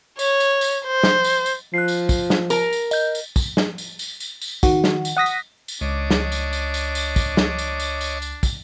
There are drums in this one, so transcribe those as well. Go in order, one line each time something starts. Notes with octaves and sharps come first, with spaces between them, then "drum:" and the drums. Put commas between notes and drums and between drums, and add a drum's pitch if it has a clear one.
C#5, drum: tambourine
drum: tambourine
drum: tambourine
C5
drum: snare
drum: tambourine
drum: tambourine
F3 F#6 C7
drum: tambourine
drum: kick, tambourine
drum: snare
A#4, drum: tambourine
drum: tambourine
D#5 G6, drum: tambourine
drum: tambourine
drum: kick, tambourine
drum: snare
drum: tambourine
drum: tambourine
drum: tambourine
drum: tambourine
D#3 F#4, drum: kick, tambourine
drum: snare
drum: tambourine
F#5 D#6 A#6 B6
drum: tambourine
drum: tambourine
C#2 D4 C#5 D#5 D6
drum: snare
drum: tambourine
drum: tambourine
drum: tambourine
drum: tambourine
drum: kick, tambourine
drum: snare
drum: tambourine
drum: tambourine
drum: tambourine
drum: tambourine
drum: kick, tambourine